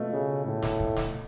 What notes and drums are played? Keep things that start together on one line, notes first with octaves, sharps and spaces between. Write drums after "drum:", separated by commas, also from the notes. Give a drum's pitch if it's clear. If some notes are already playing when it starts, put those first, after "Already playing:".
Already playing: B2 A3 F4
C#3
A2
drum: snare
drum: kick C#1
drum: snare